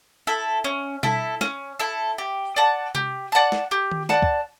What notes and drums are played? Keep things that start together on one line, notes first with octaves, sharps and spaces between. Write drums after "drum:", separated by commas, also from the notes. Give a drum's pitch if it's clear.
E4 A4
C#4
E4 A4, drum: tom B2
C#4, drum: snare
E4 A4
G4
D5 F#5 A5
G4, drum: tom C3
D5 F#5 A5
drum: snare
G4
drum: tom D#3
D5 F#5 A5, drum: snare
drum: kick